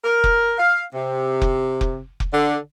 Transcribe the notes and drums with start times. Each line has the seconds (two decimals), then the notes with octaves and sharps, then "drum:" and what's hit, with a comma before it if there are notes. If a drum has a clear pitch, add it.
0.04 A#4
0.24 drum: kick F1
0.58 F5
0.93 C3
1.42 drum: kick F1
1.81 drum: kick F1
2.20 drum: kick F1
2.31 D3